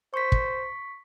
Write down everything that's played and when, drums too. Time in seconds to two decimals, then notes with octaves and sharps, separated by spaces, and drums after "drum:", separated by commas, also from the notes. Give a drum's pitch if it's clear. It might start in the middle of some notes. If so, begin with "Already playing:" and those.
0.14 C5 C#6 B6
0.32 drum: kick